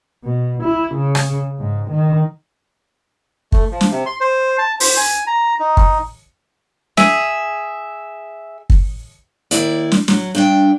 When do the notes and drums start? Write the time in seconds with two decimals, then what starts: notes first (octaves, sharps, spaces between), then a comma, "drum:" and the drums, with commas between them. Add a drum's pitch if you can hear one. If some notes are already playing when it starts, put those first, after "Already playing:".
0.24 B2
0.63 E4
0.95 C#3
1.15 drum: rim click
1.59 G#2
1.91 D#3
3.52 A3, drum: kick
3.71 F3
3.81 drum: snare
3.91 C3
4.06 C6
4.21 C5
4.58 A5
4.80 C5, drum: open hi-hat
4.97 G#5
5.27 A#5
5.60 D#4
5.77 drum: kick
6.97 G#4 E5, drum: snare
8.70 drum: kick
9.51 D#2 E4 D5, drum: hi-hat
9.92 drum: snare
10.08 F#3, drum: snare
10.35 G2 D4 G5